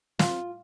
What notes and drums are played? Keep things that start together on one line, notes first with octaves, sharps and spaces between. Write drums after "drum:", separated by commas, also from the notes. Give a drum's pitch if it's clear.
F4, drum: snare